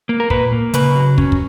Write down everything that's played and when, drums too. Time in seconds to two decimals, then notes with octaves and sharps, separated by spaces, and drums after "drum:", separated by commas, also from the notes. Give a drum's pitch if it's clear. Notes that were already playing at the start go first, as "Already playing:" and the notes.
0.09 A#3
0.20 A#4
0.30 A#2 B4, drum: kick
0.52 A#3
0.74 C#3 B4, drum: hi-hat
0.96 F#3
1.18 C#4, drum: kick
1.32 drum: kick